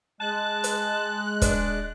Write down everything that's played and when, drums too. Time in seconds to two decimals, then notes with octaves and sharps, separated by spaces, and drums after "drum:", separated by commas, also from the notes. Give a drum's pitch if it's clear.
0.21 G#3 A5 F#6
0.64 drum: hi-hat
1.42 D4, drum: kick, hi-hat